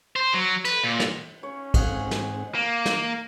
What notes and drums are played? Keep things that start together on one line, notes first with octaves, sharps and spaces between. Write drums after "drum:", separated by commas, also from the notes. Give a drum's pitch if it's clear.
C5
F#3
B4, drum: cymbal
A#2
drum: snare
C#4 C#5
G#2 C4 D#5 F#5 G#5, drum: kick A#1, cymbal
drum: snare
A#3
drum: snare